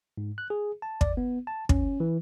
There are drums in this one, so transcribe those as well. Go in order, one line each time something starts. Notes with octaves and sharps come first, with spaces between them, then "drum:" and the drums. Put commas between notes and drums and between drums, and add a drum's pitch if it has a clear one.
G#2
F#6
G#4
A5
D5, drum: kick
B3
A5
C#4, drum: kick
E3